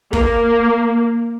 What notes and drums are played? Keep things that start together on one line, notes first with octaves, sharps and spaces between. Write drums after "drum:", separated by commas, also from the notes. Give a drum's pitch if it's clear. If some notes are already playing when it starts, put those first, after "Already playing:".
A#3, drum: kick